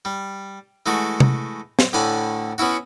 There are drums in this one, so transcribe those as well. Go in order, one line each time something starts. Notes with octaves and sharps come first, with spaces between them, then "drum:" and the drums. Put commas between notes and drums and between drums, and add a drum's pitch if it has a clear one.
G3
E3 G#3 A3 F#4
drum: tom C3
drum: snare
D2 A2 D3 D4 G#5 B5
B3 C#4 E4 F#4